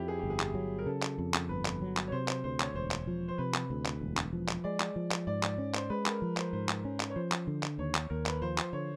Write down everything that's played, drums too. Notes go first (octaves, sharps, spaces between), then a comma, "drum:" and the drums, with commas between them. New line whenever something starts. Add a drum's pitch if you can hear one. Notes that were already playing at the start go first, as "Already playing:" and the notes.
Already playing: F2 E4 G4
G#4
G1 G4
G#4
drum: clap
F#3
A#4
C#3 A4
drum: clap
F2
drum: clap
G1 B4
drum: clap
F#3
drum: clap
C#5
C3 C5
C5, drum: clap
D2 C5
C#5, drum: clap
E1 C5
drum: clap
F3
C5
C3 B4
drum: clap
D2
drum: clap
E1
drum: clap
F3
drum: clap
G#3 D5
drum: clap
F3
drum: clap
G#2 D5
D5, drum: clap
C#4
C5, drum: clap
G#3 B4
A#4, drum: clap
F3
C5, drum: clap
G#2 C5
drum: clap
C#4
drum: clap
C#5
F3 C5
drum: clap
D3
drum: clap
D#2 C#5
drum: clap
D#2 A#4
B4, drum: clap
F3 C5
C5, drum: clap
D3 C#5